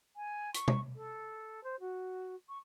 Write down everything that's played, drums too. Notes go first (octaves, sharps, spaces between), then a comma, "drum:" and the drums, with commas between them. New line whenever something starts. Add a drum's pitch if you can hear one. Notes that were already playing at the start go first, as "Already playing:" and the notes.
G#5
C#6, drum: hi-hat
drum: tom
A4
C5
F#4
C#6